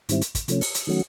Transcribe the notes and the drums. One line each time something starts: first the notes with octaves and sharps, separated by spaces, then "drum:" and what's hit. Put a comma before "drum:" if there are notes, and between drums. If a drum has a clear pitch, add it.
G#2 D#3 G3 C4 E4, drum: hi-hat
drum: hi-hat
drum: kick, hi-hat
C3 F3 A3 C#4, drum: hi-hat
drum: open hi-hat
drum: hi-hat
D#3 F#3 A3 C#4 F#4